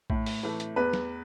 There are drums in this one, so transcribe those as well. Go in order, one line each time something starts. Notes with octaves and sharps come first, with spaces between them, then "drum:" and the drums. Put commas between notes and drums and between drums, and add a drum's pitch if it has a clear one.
A2, drum: kick A#1
drum: open hi-hat
E3 A3
drum: hi-hat
E2 B4
drum: snare